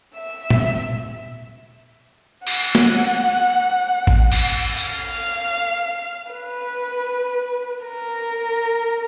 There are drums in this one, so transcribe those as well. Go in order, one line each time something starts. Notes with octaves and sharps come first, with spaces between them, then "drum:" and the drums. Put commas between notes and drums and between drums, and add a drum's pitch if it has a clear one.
E5
drum: tom A#2
F#5, drum: cymbal
drum: snare
drum: kick A1
drum: cymbal
F5, drum: tambourine
B4
A#4